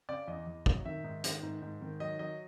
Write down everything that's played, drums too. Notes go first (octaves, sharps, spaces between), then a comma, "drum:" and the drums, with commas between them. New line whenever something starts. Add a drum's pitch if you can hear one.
C#3 D5
E2 D#5
E2
F#3, drum: kick
D#3 E5
G#2
D#3, drum: hi-hat
G#2
G#2
D#3
F#3 D#5
F#3 D#5